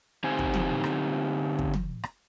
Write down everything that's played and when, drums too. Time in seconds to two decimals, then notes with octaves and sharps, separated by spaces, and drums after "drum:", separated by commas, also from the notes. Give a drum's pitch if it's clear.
0.24 D3 C4 D#4 G4 C5 G#5
0.39 drum: kick
0.54 drum: tom
0.84 drum: rim click
1.59 drum: kick
1.74 drum: tom
2.04 drum: rim click